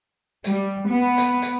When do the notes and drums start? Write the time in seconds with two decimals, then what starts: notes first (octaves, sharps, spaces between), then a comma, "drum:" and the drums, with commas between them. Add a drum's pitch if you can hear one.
0.44 G3, drum: hi-hat
0.88 B3
1.18 drum: hi-hat
1.42 drum: hi-hat